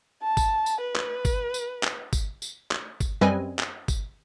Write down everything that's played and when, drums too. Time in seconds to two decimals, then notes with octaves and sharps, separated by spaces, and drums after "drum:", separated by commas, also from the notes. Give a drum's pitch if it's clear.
0.23 A5
0.37 drum: kick G1, tambourine
0.66 drum: tambourine
0.81 B4
0.96 drum: clap
1.25 drum: kick G1, tambourine
1.54 drum: tambourine
1.83 drum: clap
2.13 drum: kick G1, tambourine
2.42 drum: tambourine
2.71 drum: clap
3.00 drum: kick G1, tambourine
3.21 F#2 G3 C4 B4 D#5 G#5
3.59 drum: clap
3.88 drum: kick G1, tambourine